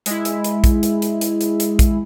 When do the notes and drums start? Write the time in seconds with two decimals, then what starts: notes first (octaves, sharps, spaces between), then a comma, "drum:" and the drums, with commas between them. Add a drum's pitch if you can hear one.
0.06 G#3 E4, drum: hi-hat
0.25 drum: hi-hat
0.44 drum: hi-hat
0.64 drum: kick, hi-hat
0.83 drum: hi-hat
1.02 drum: hi-hat
1.21 drum: hi-hat
1.41 drum: hi-hat
1.60 drum: hi-hat
1.79 drum: kick, hi-hat